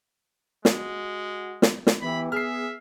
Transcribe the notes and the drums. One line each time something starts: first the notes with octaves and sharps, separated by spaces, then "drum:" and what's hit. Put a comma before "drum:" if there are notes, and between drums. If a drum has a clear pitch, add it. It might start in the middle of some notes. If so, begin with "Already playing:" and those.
G#3 F#4, drum: snare
drum: snare
drum: snare
E3 B3 G4 B5
G#4 E5 F6 C7